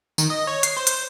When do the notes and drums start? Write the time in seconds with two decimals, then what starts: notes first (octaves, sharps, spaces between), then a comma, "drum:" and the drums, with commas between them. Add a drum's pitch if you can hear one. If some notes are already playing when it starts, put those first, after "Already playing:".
0.18 D#3, drum: tambourine
0.30 D#5
0.47 C#5
0.63 C7, drum: hi-hat
0.77 C5
0.87 drum: hi-hat